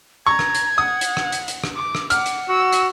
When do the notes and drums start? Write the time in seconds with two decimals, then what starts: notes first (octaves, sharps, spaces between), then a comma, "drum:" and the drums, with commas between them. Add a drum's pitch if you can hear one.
0.27 A#5 C#6 G#6
0.39 drum: rim click
0.55 drum: hi-hat
0.78 F#5 D#6
1.01 drum: hi-hat
1.17 drum: rim click
1.32 drum: hi-hat
1.48 drum: hi-hat
1.64 drum: rim click
1.76 D6
1.95 drum: rim click
2.10 F#5 D6 F6, drum: hi-hat
2.26 drum: hi-hat
2.48 F#4 E6
2.72 drum: hi-hat